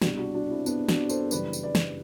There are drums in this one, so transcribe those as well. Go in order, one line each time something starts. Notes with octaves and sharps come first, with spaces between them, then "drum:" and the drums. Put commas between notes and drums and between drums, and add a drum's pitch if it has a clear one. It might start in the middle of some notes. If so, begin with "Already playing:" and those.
C2 B2 G3 D4 F#4, drum: snare
D4 F#4
D4 F#4
C4 E4
B3 D4, drum: tambourine
D4 F#4, drum: snare
A4 C5, drum: tambourine
F#1 F#2 E3 G3 B4 D5, drum: tambourine
drum: tambourine
B4 D5
drum: snare